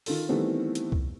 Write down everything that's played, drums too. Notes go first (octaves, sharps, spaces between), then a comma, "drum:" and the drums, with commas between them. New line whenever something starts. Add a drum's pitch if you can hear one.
D#3 F4 A4, drum: open hi-hat
D#3 E3 G3 A3 B3 C4
drum: hi-hat
drum: kick